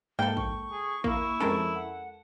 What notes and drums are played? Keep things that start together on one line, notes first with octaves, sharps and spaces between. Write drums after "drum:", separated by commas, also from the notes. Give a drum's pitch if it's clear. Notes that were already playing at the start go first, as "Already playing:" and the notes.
G#2 A#3 A4 G5
C#6, drum: kick A1
G#4
A#3 E4, drum: kick A1
F2 G#3 C#4 A4 A#4
F#5